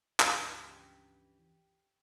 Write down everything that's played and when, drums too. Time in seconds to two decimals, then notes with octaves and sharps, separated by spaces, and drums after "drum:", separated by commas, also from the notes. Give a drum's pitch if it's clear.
0.20 C#2 G2 E3 F3 C#4 D4 G4, drum: clap